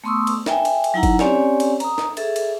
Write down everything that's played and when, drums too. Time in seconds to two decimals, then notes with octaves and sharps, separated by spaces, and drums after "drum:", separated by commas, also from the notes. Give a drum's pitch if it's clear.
0.04 A3 B3 C6 C#6 D#6 E6
0.27 drum: cymbal
0.46 E5 G5 G#5, drum: snare
0.65 drum: cymbal
0.84 drum: cymbal
0.94 F#3 D#4 E4 F#5 A#5
1.03 drum: kick F#1, cymbal
1.19 C4 C#4 G4 C#5 D5 G#5, drum: snare
1.60 drum: cymbal
1.80 A#5 D#6, drum: cymbal
1.98 drum: snare
2.17 G#4 A4 E5, drum: cymbal
2.36 drum: cymbal